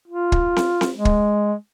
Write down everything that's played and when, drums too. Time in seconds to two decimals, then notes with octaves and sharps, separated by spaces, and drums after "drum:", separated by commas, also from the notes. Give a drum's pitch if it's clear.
0.08 F4
0.32 drum: kick
0.56 drum: snare C4
0.81 drum: snare C4
0.96 G#3
1.05 drum: kick